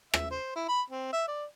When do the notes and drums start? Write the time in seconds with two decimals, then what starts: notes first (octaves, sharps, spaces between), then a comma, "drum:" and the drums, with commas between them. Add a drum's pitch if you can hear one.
0.14 E5, drum: rim click
0.31 C5
0.56 E4
0.69 B5
0.90 C4
1.13 E5
1.28 D5